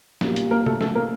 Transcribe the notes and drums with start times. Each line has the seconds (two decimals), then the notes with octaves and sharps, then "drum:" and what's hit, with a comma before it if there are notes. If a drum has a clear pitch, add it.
0.21 B1 A#2 G3 A#3, drum: snare
0.36 drum: hi-hat
0.51 A#3 A#4
0.66 A3 A4, drum: tom
0.81 A3 A4, drum: snare
0.95 A#3 A#4